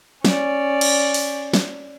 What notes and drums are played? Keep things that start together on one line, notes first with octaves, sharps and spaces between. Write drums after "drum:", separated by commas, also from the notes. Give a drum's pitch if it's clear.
C#4 D5, drum: snare
drum: cymbal
drum: open hi-hat
drum: snare